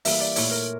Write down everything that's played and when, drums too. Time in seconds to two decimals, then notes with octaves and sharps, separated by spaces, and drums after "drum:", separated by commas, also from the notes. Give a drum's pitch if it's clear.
0.05 E3 G3 A#3 E5, drum: open hi-hat
0.20 D5
0.36 A#2 A3 E4 C#5, drum: open hi-hat
0.51 A#4